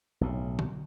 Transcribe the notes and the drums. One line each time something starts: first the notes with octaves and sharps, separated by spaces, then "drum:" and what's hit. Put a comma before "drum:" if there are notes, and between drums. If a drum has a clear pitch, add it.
B1 A2
drum: tom D3